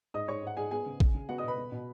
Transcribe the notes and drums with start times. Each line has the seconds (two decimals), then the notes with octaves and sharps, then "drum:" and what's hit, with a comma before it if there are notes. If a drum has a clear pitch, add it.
0.14 G#2 D#5 D#6
0.28 G#2 C#5 C#6
0.43 G#2 F#5
0.57 G#2 G#4 G#5
0.71 B3 G#4 G#5
0.86 C#3
1.00 C#3, drum: kick A#1
1.15 C#3
1.29 B3 F#4 F#5
1.38 D#5 D#6
1.43 B2 B4 B5
1.58 B3
1.72 B2